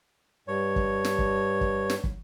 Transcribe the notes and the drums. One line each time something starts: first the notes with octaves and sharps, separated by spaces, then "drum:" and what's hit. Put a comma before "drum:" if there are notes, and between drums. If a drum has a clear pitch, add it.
G2 C#5
drum: kick
drum: snare
drum: kick
drum: kick
drum: snare
drum: kick